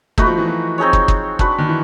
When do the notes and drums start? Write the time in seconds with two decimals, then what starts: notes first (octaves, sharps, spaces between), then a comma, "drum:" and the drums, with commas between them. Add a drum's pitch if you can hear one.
0.18 A3 D#4 F#4 B4, drum: kick
0.27 F3
0.38 E3
0.48 F3
0.78 C4 D#4 G#4 C#5
0.93 drum: kick
1.08 drum: kick
1.39 D4 F#4 B4, drum: kick
1.58 D#3
1.69 E3